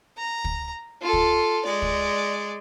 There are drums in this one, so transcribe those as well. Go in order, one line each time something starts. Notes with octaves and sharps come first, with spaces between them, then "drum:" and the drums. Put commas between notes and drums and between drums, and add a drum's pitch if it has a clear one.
A#5
drum: kick
F4 A4
drum: kick
G#3 D5
drum: kick